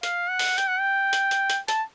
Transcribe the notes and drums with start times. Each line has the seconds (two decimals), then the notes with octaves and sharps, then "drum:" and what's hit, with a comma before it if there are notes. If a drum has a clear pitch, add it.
0.03 F5, drum: hi-hat
0.30 F#5
0.39 drum: open hi-hat
0.58 G5, drum: hi-hat
0.69 F#5
0.80 G5
1.13 drum: hi-hat
1.31 drum: hi-hat
1.50 drum: hi-hat
1.68 A5, drum: hi-hat